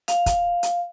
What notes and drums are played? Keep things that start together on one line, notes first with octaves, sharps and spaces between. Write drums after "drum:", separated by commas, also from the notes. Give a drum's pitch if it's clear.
F5, drum: hi-hat
drum: kick, hi-hat
drum: hi-hat